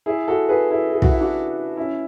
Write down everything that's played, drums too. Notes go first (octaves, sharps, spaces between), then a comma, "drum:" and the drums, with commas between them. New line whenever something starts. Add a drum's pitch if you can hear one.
E4 G#4
F#4 A4
G#4 B4
E4 G#4
G#4
F#4, drum: kick
E4
D4 F#4
C#4 E4